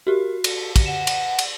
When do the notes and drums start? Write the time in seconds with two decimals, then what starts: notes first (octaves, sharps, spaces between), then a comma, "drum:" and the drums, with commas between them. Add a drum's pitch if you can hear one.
0.07 F#4 G4 A#4
0.44 A4, drum: cymbal
0.76 drum: kick, cymbal
0.86 F#5 E7
1.07 drum: cymbal
1.39 drum: cymbal